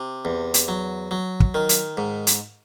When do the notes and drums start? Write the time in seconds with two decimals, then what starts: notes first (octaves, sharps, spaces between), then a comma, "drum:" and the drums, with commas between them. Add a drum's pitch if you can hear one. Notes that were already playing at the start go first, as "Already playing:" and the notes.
Already playing: C3
0.25 E2
0.54 drum: hi-hat
0.68 F#3
1.11 F#3
1.40 drum: kick
1.54 D#3
1.69 drum: hi-hat
1.97 G#2
2.27 drum: hi-hat